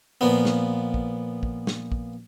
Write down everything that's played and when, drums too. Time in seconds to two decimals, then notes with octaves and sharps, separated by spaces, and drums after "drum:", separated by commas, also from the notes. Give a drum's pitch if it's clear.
0.21 A#2 F3 B3
0.45 drum: snare
0.94 drum: kick
1.43 drum: kick
1.67 drum: snare
1.92 drum: kick